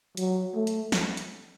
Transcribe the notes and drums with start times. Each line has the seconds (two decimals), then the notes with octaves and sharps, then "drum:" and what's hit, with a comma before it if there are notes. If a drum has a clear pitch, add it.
0.17 F#3, drum: hi-hat
0.55 A3
0.67 drum: hi-hat
0.92 drum: snare
1.17 drum: hi-hat